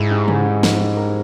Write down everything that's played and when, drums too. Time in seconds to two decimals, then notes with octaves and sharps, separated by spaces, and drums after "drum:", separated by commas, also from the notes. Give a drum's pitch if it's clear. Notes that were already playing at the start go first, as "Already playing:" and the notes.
Already playing: G#2 E4 G#4
0.11 D#4 G4
0.28 C#4 E4, drum: tom
0.46 D#4
0.63 drum: snare
0.80 D#4 G4
0.97 G4 A#4